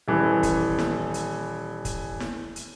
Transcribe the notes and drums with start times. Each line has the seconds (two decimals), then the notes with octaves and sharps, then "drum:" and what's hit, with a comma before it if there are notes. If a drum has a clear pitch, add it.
0.08 D#1 E3
0.43 drum: kick, hi-hat
0.79 drum: snare
1.14 drum: hi-hat
1.85 drum: kick, hi-hat
2.20 drum: snare
2.56 drum: hi-hat